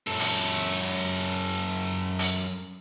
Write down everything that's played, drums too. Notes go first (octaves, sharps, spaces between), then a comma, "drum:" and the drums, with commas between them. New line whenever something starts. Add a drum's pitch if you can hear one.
F#2 A4
drum: hi-hat
drum: hi-hat